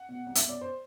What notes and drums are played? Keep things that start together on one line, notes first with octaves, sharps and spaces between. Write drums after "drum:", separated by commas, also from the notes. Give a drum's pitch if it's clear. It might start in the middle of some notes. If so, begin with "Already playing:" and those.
Already playing: F#5
B2
C2
E5, drum: hi-hat
B2
D5
C5